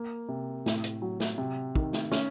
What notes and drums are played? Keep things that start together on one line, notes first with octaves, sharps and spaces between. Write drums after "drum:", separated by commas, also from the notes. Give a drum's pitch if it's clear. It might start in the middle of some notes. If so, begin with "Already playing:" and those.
Already playing: A#3
C3
A2, drum: snare
drum: hi-hat
F#3
drum: snare
C3
D#3, drum: kick
drum: snare
C#4, drum: snare